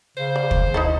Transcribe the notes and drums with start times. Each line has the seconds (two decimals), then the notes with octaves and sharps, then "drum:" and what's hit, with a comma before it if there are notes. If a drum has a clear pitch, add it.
0.17 C#3 C5
0.36 D5
0.51 drum: kick
0.74 D#4 E4 A4